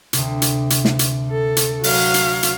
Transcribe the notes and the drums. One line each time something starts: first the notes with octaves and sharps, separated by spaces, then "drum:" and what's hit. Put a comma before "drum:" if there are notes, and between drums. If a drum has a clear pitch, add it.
D2 C3, drum: hi-hat
drum: hi-hat
drum: hi-hat
drum: snare
drum: hi-hat
A4
drum: hi-hat
F#3 F5, drum: open hi-hat
drum: hi-hat
drum: hi-hat